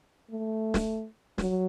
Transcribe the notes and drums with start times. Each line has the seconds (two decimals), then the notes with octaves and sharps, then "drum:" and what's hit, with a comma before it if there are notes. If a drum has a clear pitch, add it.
0.31 A3
0.74 drum: snare
1.38 F#3, drum: snare